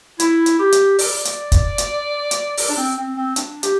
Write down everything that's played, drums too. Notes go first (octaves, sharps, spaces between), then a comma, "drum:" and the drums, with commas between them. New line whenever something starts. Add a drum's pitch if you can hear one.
E4, drum: hi-hat
drum: hi-hat
G4
drum: hi-hat
D5, drum: open hi-hat
drum: hi-hat
drum: kick, hi-hat
drum: hi-hat
drum: hi-hat
drum: open hi-hat
D4
C4
C4
C4
D4, drum: hi-hat
G4, drum: hi-hat